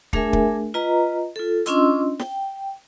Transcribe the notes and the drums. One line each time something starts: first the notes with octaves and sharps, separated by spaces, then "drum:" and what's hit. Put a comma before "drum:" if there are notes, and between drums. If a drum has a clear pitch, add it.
A3 D4 G#4 A#4 E5 G#5, drum: kick
drum: kick
F4 B4 D#5 A#5
F4 A4
C#4 D4 F4 D#5 C6 E6, drum: hi-hat
G5, drum: snare